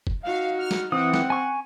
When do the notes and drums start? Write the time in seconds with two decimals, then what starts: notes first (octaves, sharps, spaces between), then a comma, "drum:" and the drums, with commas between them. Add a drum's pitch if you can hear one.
0.07 drum: kick F1
0.23 D#4 F#4 F5
0.58 F6
0.71 drum: snare
0.92 E3 C4 F#5 D#6
1.14 drum: snare
1.30 G#5 C#6